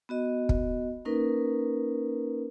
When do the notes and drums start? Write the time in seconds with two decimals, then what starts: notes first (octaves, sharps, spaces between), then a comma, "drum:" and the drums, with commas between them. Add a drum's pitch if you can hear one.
0.09 B3 F#4 D#5
0.49 drum: kick
1.05 A#3 C#4 D#4 A#4 B4